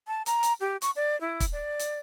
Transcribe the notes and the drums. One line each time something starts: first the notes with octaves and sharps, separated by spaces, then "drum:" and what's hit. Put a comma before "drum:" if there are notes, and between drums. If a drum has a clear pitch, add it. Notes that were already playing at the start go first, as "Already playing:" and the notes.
A5
A#5, drum: hi-hat
drum: hi-hat
G4
C#6, drum: hi-hat
D5
E4
drum: kick, hi-hat
D5
drum: hi-hat